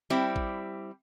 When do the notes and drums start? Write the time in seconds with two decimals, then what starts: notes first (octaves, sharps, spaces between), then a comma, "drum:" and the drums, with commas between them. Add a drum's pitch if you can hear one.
0.10 G3 C4 E4 G4
0.36 drum: kick A1